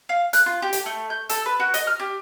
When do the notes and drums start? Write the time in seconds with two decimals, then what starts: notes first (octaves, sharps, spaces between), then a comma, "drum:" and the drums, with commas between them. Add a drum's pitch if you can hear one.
0.09 F5
0.33 F#6, drum: hi-hat
0.46 F4
0.62 G4
0.73 drum: hi-hat
0.86 A3
1.10 G6
1.29 A4, drum: hi-hat
1.46 B4
1.60 F#4
1.74 D#5, drum: hi-hat
1.87 F6
2.00 G4